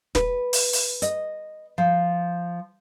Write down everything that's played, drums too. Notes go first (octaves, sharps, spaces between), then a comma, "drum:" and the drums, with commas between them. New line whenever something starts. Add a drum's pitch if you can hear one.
B4, drum: snare
drum: open hi-hat
drum: open hi-hat
D#5, drum: hi-hat
F3